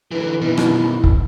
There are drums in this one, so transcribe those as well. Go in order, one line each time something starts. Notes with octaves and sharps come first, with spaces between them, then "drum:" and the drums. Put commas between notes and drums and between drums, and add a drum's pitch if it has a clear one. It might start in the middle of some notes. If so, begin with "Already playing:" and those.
D3 E3 B4
B2 D#3 E4
drum: rim click
drum: kick